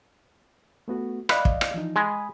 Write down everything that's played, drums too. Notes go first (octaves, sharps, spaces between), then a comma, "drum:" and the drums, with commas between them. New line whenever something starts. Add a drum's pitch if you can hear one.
A3 B3 F#4
B4 D5 D#5 F5, drum: rim click
drum: kick
drum: rim click
E3 F3 D#4
G#3 G#5 B5 D#6